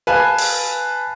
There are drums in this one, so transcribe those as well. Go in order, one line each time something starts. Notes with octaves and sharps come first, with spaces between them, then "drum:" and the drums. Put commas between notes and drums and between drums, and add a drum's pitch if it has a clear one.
B4 F5 G#5 A5
drum: open hi-hat